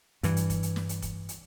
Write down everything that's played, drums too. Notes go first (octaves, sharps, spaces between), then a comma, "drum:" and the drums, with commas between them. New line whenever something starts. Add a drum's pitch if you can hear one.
G2 E3, drum: hi-hat
drum: hi-hat
drum: kick F1, hi-hat
drum: hi-hat
drum: snare
drum: hi-hat
drum: kick F1, hi-hat
drum: hi-hat